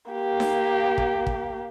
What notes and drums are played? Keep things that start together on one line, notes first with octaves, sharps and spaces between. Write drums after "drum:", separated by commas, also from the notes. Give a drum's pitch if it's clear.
A#3 G4
drum: snare D#4
drum: kick
drum: kick